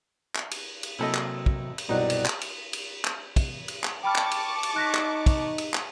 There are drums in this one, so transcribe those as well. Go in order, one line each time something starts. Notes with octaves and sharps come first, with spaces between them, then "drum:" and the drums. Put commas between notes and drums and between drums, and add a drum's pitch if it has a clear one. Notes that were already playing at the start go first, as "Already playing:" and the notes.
drum: clap
drum: cymbal
drum: cymbal
C3 F#3 A#3 E4 A4 D#5
drum: clap
drum: kick
drum: cymbal
C2 G2 B2 F#3 D#4 F#4 D5
drum: cymbal
drum: clap
drum: cymbal
drum: cymbal
drum: clap
drum: kick, cymbal
drum: cymbal
drum: clap
G5 A5 B5 C#6 D6 F6
drum: clap
drum: cymbal
drum: cymbal
D#4 F#6 A#6 B6
drum: clap
drum: kick, cymbal
drum: cymbal
drum: clap